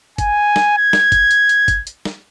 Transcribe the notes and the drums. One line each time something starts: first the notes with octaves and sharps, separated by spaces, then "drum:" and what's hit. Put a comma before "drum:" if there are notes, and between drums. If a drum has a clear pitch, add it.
G#5, drum: kick, hi-hat
drum: snare
G#6
drum: snare
drum: kick, hi-hat
drum: hi-hat
drum: hi-hat
drum: kick, hi-hat
drum: hi-hat
drum: snare